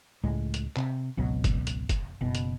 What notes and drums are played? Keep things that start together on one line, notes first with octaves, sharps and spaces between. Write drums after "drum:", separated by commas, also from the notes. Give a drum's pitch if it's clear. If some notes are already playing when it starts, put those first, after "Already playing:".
C#2 A2 G#3
drum: hi-hat
C3, drum: clap
G#1 C#2 B2 F#3
drum: kick, hi-hat
drum: hi-hat
drum: kick, hi-hat
F#1 B2
drum: hi-hat